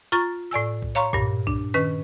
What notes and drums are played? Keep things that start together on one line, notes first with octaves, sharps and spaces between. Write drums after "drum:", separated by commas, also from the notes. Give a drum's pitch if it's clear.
F4 A#5 C#6 A6
A2 D5 G#5 E6
drum: kick B1
C#5 F5 A#5 C6 C#6
G2 A#2, drum: kick B1
D4, drum: kick B1
D#3 C#4 B4